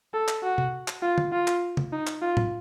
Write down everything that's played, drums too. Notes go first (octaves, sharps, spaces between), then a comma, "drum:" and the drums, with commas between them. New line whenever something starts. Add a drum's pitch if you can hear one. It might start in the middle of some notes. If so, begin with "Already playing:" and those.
A4
drum: clap
F#4
drum: tom
drum: clap
F4
drum: tom
F4
drum: clap
drum: tom
D#4
drum: clap
F4
drum: tom A2